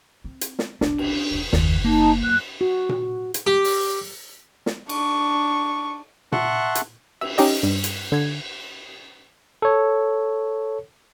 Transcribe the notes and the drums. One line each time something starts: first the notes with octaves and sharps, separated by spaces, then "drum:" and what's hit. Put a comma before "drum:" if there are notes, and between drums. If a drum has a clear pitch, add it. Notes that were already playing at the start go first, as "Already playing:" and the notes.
C4
drum: hi-hat
drum: snare
F1 B1 D4, drum: snare
drum: cymbal
E1 E2
F#1 D#2, drum: snare
A#3 D#4 A5
F#2 F#6
F#4
drum: tom A#2
drum: hi-hat
G4
drum: open hi-hat
drum: snare
D4 C#6, drum: cymbal
E5 F#5 A5 C6 C#6 F#6, drum: tom A#2
drum: hi-hat
E5, drum: cymbal
C#4 D#4 G4 D#5, drum: open hi-hat
G2
drum: hi-hat
D3 G#6
A4 C#5